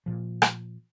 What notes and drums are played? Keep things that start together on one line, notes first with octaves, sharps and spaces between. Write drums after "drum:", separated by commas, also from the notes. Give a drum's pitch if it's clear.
A#2 F3
drum: rim click